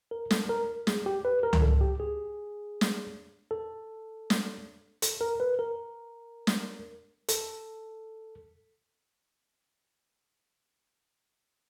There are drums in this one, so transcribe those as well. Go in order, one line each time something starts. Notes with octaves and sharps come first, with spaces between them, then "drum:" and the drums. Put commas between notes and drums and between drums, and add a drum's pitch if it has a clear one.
A#4
A4, drum: snare
A#4
G#4, drum: snare
G4
B4
A#4
drum: tom C#2
A4
G4
G#4
drum: snare
A4
drum: snare
A4, drum: hi-hat
A#4
B4
A#4
drum: snare
A4, drum: hi-hat